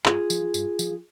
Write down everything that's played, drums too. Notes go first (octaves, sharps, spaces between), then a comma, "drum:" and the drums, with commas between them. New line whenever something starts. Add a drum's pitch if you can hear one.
G2 F4 G#4, drum: clap
F3, drum: tambourine
G2, drum: tambourine
F3, drum: tambourine